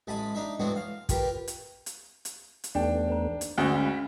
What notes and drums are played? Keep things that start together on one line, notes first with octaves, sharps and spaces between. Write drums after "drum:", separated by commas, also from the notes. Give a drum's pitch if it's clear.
A1 G#3 A5 B5 D#6
D4 D#4 E5
A2 G#3 B3 C4 D4 F#4
F5
F4 G4 A#4 B4, drum: kick, hi-hat
drum: hi-hat
drum: hi-hat
drum: hi-hat
drum: hi-hat
E2 A3 B3 D4 D#4 G4 G5
C5 A#5
drum: hi-hat
D2 G#3 C#4 F#4 E5 F#5 G6
C#4 F5 B5